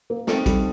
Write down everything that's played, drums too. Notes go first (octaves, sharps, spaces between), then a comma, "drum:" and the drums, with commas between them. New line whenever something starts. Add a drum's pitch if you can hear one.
A#3
A3 C4 D#4 A4 C5 G5, drum: snare
G3, drum: kick, hi-hat